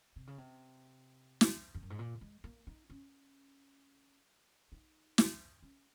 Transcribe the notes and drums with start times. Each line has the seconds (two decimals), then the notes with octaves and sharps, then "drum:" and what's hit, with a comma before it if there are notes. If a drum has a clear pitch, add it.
0.16 C3
0.27 C#3
0.38 C3
1.41 drum: snare
1.74 F2
1.82 F#2
1.90 G#2
1.99 A#2
2.21 G#3
2.44 A#3
2.67 D#4
2.90 C#4
4.72 D#4
5.18 drum: snare
5.62 C#4